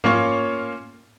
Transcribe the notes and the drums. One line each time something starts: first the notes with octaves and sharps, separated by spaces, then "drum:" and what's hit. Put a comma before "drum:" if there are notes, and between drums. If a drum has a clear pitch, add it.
A#3 C#4 F4 C#5, drum: tom G#2